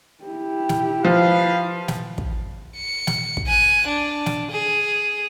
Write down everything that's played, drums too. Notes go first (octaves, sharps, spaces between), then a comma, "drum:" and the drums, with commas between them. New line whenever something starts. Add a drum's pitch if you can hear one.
E4 G4
drum: snare
F3 B4 F5
drum: snare
drum: kick
C#7
drum: snare
drum: kick
G#5 F#6
D4
drum: snare
G#4